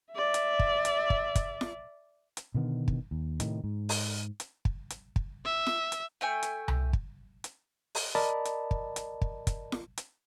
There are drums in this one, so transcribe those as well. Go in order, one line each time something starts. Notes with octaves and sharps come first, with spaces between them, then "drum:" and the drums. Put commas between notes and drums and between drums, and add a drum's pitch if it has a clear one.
D5 E5
drum: hi-hat
drum: kick
drum: hi-hat
drum: kick
drum: kick, hi-hat
drum: snare
drum: hi-hat
B2 D3 D#3 B3
drum: kick
D#2
A2 C3 D#3, drum: hi-hat
G#2
drum: open hi-hat
drum: hi-hat
drum: kick
drum: hi-hat
drum: kick
E5
drum: snare
drum: hi-hat
A3 G5 G#5
drum: hi-hat
drum: tom C2
drum: kick
drum: hi-hat
drum: open hi-hat
A#4 D5 D#5 A5 B5
drum: hi-hat
drum: kick
drum: hi-hat
drum: kick
drum: kick, hi-hat
drum: snare
drum: hi-hat